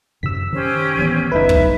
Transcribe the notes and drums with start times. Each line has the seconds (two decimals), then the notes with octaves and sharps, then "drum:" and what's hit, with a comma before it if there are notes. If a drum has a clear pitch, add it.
0.23 F#2 C3 E6 B6
0.53 D#3 C#4 G4 C5
0.97 D1 E3 B3
1.32 F#1 C#2 F#2 D#4 B4 E5
1.49 drum: kick
1.58 C2